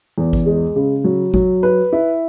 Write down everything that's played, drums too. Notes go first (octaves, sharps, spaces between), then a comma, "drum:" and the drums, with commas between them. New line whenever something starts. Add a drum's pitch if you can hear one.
E2
drum: kick G#1
G#3
C#3
F#3
F#3, drum: kick G#1
B4
E4